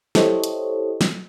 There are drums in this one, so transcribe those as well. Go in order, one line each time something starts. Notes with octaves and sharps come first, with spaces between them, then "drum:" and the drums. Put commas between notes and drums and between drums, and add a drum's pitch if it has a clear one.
E4 G4 A4 C5 C#5 D#5, drum: snare
drum: hi-hat
drum: snare